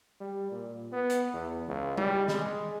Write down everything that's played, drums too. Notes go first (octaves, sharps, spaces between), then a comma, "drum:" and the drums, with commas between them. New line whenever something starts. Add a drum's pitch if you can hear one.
G3
A#2
B3
drum: hi-hat
E2
C#2
G3, drum: tom G3
G#3, drum: snare